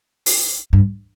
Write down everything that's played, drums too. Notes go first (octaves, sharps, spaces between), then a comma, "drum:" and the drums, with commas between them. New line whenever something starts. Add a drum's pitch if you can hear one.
drum: open hi-hat
G2